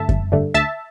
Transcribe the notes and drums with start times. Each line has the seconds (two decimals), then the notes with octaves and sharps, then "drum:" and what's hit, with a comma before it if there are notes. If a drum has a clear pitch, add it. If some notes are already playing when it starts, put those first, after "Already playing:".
Already playing: G2 D3 A3 E5 A5
0.09 G1, drum: kick F#2
0.32 G2 D3 A3
0.54 D2 E5 A5